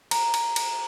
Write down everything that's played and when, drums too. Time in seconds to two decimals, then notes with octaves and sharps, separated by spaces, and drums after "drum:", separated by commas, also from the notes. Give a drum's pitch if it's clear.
0.11 A#5, drum: cymbal
0.34 drum: cymbal
0.56 drum: cymbal